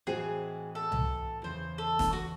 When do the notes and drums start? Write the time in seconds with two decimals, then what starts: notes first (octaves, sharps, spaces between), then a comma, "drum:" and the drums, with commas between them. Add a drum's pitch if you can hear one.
0.07 A2 E3 G#3 C4 F#4 G#4
0.75 A4
0.92 drum: tom C2
1.44 E2 C#3 E3 C5
1.78 A4
1.99 drum: snare E1
2.13 F#4